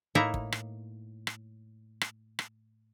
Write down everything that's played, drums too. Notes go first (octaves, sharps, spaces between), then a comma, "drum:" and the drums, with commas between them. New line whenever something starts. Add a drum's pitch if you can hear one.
A2 A#3 D#4 E4 A#5
drum: kick
drum: rim click
drum: rim click
drum: rim click
drum: rim click